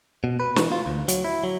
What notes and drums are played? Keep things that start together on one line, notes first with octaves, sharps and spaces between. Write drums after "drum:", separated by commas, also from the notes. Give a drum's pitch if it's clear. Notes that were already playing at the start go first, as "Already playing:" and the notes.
B2
B4
E3, drum: snare
F4
D2
F#3, drum: hi-hat
E4
F#3